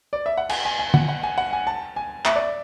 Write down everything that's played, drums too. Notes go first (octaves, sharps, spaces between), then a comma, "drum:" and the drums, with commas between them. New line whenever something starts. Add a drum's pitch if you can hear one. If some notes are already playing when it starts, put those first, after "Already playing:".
D5
E5
F#5
G#5, drum: cymbal
G#5
G#5
F#5, drum: tom
F#5
G#5
F#5
G#5
A5
G#5
E5, drum: clap
D5